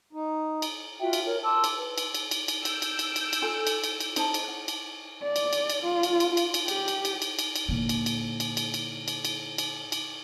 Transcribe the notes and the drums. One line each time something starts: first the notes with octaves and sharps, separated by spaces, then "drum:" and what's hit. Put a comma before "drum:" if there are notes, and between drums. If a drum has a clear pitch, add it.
D#4
drum: cymbal
F4 F#4 E5 G5
drum: cymbal
A#4 C#5
A5 C6 D6 E6
drum: cymbal
B4
drum: cymbal
drum: cymbal
drum: cymbal
drum: cymbal
E6 G6 D7, drum: cymbal
drum: cymbal
drum: cymbal
drum: cymbal
drum: cymbal
F4 A4 G#5
drum: cymbal
drum: cymbal
drum: cymbal
D#4 C5 A5, drum: cymbal
drum: cymbal
F#5
drum: cymbal
D5
drum: cymbal
drum: cymbal
drum: cymbal
F4
drum: cymbal
drum: cymbal
drum: cymbal
drum: cymbal
G4, drum: cymbal
drum: cymbal
drum: cymbal
drum: cymbal
drum: cymbal
drum: cymbal
A#2 D3
drum: cymbal
drum: cymbal
drum: cymbal
drum: cymbal
drum: cymbal
drum: cymbal
drum: cymbal
drum: cymbal
drum: cymbal